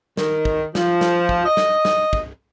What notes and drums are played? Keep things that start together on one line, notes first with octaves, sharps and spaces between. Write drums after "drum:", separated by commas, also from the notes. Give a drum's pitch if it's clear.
D#3, drum: snare
drum: kick
F3, drum: snare
drum: snare
drum: kick
D#5
drum: snare
drum: snare
drum: kick